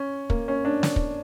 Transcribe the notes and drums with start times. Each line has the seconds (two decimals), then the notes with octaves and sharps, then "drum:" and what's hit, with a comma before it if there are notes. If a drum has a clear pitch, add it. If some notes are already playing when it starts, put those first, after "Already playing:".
Already playing: C#4
0.30 A#3, drum: kick
0.48 C#4
0.65 D4
0.83 drum: snare
0.96 drum: kick